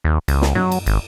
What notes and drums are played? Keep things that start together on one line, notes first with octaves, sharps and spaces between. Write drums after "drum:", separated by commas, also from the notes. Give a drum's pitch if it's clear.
D#2
C#2, drum: cymbal
drum: snare
F#3, drum: tom F#2
drum: cymbal
G#1, drum: cymbal